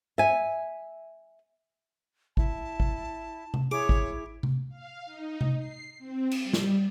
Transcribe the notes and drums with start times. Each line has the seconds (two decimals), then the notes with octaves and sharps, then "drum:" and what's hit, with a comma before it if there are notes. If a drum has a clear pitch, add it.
0.18 E5 G#5
2.37 E4 A5, drum: kick G#1
2.80 drum: kick G#1
3.54 drum: tom C3
3.71 E4 G#4 C#5 D6
3.89 drum: kick G#1
4.43 drum: tom C3
4.69 F5
5.06 D#4
5.41 drum: tom C3
5.57 C7
5.99 C4
6.31 drum: cymbal
6.43 G3
6.53 drum: snare